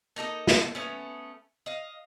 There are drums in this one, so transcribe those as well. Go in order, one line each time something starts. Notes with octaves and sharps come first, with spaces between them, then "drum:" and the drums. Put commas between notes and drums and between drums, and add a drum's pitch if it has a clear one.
A#3 D#4 A4 D#5
drum: snare
A3 B3 C#4
D#5 F5